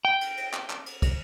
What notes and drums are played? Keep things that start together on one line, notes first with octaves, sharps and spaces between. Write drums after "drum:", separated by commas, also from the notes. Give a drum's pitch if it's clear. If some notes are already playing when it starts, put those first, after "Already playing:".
G5
drum: cymbal
drum: cymbal
drum: clap
drum: clap
drum: cymbal
drum: kick, cymbal